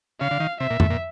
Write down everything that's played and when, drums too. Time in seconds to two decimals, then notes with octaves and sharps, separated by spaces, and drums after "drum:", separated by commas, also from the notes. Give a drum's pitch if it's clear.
0.20 C#3 F5
0.31 D3
0.40 D#3
0.60 C3 E5
0.70 A#2
0.80 A2, drum: tom F2
0.90 A#2